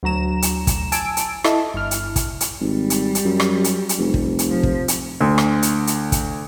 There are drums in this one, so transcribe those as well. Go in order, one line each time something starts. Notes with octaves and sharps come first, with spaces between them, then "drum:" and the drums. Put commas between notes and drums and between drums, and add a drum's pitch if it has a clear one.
D2 F#3 A#5 E7
drum: hi-hat
drum: kick, hi-hat
G#5 A5 E6 D7, drum: hi-hat
drum: hi-hat
E4 A4 D#5 E5 A5, drum: rim click
G1 E4 F6
drum: hi-hat
drum: kick, hi-hat
drum: hi-hat
G#1 G3
drum: hi-hat
drum: hi-hat
F#2
drum: rim click
drum: hi-hat
drum: hi-hat
F1
drum: kick
drum: hi-hat
F3
drum: kick
drum: hi-hat
D2
drum: rim click
drum: hi-hat
drum: hi-hat
drum: kick, hi-hat